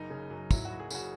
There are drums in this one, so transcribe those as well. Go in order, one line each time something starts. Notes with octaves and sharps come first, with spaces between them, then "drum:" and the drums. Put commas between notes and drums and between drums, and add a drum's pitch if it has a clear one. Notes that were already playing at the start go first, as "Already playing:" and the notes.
Already playing: F#1 D#4
C#3
F#2
F#3 E4, drum: kick, tambourine
F#1 F#4
G#4
C#3 F#4, drum: tambourine